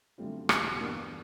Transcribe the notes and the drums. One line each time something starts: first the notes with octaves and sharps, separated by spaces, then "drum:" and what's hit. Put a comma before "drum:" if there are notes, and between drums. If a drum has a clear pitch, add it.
F#2 D3 G3 A3 C4 F4
E2 B2 G3, drum: rim click
G2 E3 G3 A#3 B3 D4